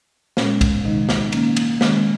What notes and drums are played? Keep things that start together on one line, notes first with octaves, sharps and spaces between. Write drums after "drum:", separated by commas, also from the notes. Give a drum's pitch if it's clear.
A#2 G#3 C#4, drum: snare
drum: kick, cymbal
C3 D#3 G#3 D#4
drum: snare
D#3 A#3 C#4, drum: cymbal
drum: cymbal
D#3 G#3 C#4, drum: snare